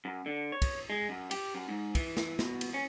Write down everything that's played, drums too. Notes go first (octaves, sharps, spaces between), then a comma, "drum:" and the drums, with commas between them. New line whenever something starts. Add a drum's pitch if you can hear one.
F#2
D3
C#5
drum: kick, cymbal
G#3
F#2
G4, drum: cymbal
F#2
G#2
E3, drum: kick, cymbal
drum: snare
B2, drum: snare
drum: cymbal
C#4